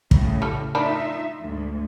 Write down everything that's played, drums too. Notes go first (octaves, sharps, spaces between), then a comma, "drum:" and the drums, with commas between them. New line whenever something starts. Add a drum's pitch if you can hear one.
A2 C#3, drum: kick
G3 A4
D#3 D4 D#4 F4 E5 B5
D2 G#2